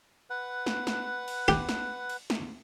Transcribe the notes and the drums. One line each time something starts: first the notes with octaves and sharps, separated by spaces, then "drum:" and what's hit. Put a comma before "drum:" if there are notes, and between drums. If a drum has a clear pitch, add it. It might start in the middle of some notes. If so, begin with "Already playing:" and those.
B4 F#5
drum: snare
drum: snare
drum: cymbal
G4, drum: snare
drum: snare
drum: cymbal
drum: snare